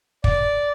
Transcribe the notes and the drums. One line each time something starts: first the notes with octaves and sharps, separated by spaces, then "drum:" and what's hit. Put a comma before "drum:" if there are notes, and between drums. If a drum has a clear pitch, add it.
D5, drum: kick